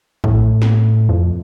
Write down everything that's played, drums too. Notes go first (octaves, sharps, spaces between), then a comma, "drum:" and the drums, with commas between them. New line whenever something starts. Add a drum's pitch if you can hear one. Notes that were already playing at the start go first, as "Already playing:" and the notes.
A2, drum: kick
drum: snare
F2